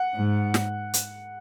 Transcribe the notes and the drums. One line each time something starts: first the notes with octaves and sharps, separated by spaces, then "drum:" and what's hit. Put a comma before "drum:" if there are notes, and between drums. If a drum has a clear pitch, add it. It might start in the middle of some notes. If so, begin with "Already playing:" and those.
Already playing: F#5
G#2
drum: snare
drum: hi-hat